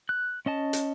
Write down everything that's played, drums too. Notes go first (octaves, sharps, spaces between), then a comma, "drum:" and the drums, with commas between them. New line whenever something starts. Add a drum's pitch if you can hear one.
F#6
C#4 D#5 A5
drum: hi-hat